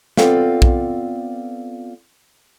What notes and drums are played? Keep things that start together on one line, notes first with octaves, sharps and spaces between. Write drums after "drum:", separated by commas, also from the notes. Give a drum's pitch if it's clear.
B3 C4 F4 A4 D5 F5, drum: snare
drum: kick A#1